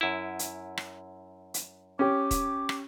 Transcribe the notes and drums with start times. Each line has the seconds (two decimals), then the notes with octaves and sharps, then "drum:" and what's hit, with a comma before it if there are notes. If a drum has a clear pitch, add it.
0.01 F#2 E4
0.39 drum: hi-hat
0.78 drum: rim click
1.54 drum: hi-hat
1.99 C#4 G4 D6
2.31 drum: kick D#1, hi-hat
2.69 drum: rim click